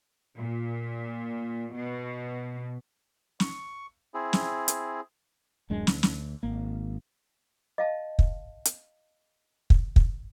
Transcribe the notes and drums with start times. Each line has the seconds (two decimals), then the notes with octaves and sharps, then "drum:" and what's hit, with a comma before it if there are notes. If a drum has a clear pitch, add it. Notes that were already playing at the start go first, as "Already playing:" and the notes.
0.37 A#2
1.75 B2
3.40 C#6, drum: snare
4.14 C4 E4 G#4
4.33 drum: snare
4.68 drum: hi-hat
5.70 D1 F#2 G#3 D4
5.87 D2, drum: snare
6.03 drum: snare
6.43 G#1 A#3
7.78 D#5 F5 A5
8.19 drum: kick
8.65 drum: hi-hat
9.70 drum: kick
9.96 drum: kick